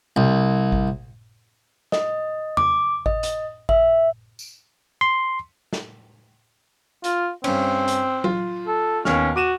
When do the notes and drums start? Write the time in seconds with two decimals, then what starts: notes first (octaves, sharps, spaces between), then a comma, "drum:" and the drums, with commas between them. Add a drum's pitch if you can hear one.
0.16 C2
0.72 drum: kick G#1
1.92 D#5, drum: snare
2.57 D6, drum: tom E2
3.06 D#5, drum: kick G#1
3.23 drum: hi-hat
3.69 E5, drum: kick G#1
4.39 drum: tambourine
5.01 C6
5.73 drum: snare
7.04 F4, drum: hi-hat
7.44 G2 C4 C#4, drum: cymbal
7.88 drum: hi-hat
8.24 F4, drum: tom F#3
8.67 A4
9.05 D#2 B3 C#4 F6, drum: snare
9.36 F#4 D6 D#7 E7